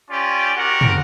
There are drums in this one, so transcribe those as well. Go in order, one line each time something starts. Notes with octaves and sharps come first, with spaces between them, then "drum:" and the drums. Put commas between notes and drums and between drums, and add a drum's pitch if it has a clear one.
C#4 F4 G4 D5
F#4 G4 A#4 F#5
drum: tom